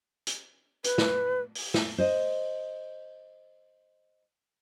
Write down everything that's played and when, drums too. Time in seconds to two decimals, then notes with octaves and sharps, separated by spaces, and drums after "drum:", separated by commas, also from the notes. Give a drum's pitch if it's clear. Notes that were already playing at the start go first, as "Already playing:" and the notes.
0.27 drum: hi-hat
0.84 B4, drum: hi-hat
0.98 drum: snare
1.55 drum: open hi-hat
1.74 drum: snare
1.98 C5 D#5